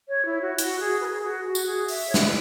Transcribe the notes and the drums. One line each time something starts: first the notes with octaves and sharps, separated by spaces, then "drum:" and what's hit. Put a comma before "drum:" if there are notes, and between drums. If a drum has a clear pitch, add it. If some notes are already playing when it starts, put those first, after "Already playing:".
C#5
E4
F#4
F#4, drum: hi-hat
G#4
B4
G#4
F#4
F#4
drum: tambourine
G#4
E5, drum: open hi-hat
C#5
B4, drum: snare